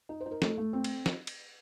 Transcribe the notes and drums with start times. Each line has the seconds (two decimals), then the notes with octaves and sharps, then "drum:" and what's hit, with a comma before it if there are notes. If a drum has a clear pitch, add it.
0.09 D#4
0.21 C5
0.26 D#4
0.31 A#4
0.42 A3 A4, drum: snare
0.58 A3
0.73 C4
0.84 drum: cymbal
1.06 drum: snare
1.27 drum: cymbal